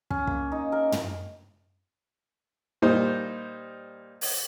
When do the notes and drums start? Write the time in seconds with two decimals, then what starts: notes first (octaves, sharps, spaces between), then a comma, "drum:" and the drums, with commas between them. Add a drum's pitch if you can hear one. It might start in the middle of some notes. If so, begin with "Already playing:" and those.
0.10 C#4, drum: kick
0.27 A#3, drum: kick
0.52 D#4
0.72 A#4
0.92 drum: tom
2.82 A#2 G3 D#4 C5
4.21 drum: open hi-hat